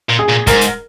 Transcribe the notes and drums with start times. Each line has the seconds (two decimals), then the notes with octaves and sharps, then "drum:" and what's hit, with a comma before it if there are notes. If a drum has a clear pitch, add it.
0.09 A#2
0.19 G#4
0.29 A#2
0.47 G#2 A#4, drum: kick, hi-hat
0.61 drum: hi-hat